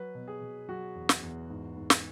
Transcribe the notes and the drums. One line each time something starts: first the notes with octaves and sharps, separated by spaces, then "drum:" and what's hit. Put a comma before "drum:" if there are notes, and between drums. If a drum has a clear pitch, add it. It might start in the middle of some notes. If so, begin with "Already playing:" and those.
Already playing: F#3 B4
B2
G#4
B2
F#3 F#4
E2
drum: snare
E2
G#2
G#2
drum: snare